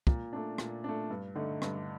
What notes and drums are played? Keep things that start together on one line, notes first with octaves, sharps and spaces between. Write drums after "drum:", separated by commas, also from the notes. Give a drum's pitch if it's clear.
A#2, drum: kick
A3 D4
A#2, drum: rim click
A3 D4
G2
D3 A3 D#4
G2, drum: rim click